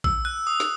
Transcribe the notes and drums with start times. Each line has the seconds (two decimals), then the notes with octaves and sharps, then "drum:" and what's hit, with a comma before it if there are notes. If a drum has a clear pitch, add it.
0.04 E6, drum: kick A#1
0.25 F#6
0.47 D#6
0.60 drum: snare